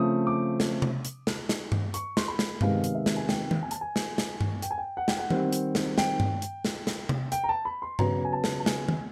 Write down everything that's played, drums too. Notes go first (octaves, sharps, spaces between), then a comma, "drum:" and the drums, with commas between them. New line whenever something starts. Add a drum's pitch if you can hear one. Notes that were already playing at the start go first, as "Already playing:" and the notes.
Already playing: C#3 F3 A3 C4 D#6
D6
drum: snare
drum: tom C3
drum: hi-hat
drum: snare
drum: snare
drum: tom G2
C#6, drum: hi-hat
C6, drum: snare
B5
drum: snare
C3 D#3 G#3 B3 F5, drum: tom G2
drum: hi-hat
E5
drum: snare
G#5
G5, drum: snare
drum: tom D#3
G#5
A5, drum: hi-hat
G#5
drum: snare
drum: snare
drum: tom G2
G5, drum: hi-hat
G#5
G5
F#5
G5, drum: snare
F#5
D#3 G3 C4, drum: tom D#3
drum: hi-hat
drum: snare
G5, drum: snare
drum: tom G2
drum: hi-hat
drum: snare
drum: snare
drum: tom C3
G5, drum: hi-hat
A#5
A5
B5
C6
C#3 F#3 B3 A#5, drum: tom G2
G#5
A5
drum: snare
A5
G#5, drum: snare
drum: tom D#3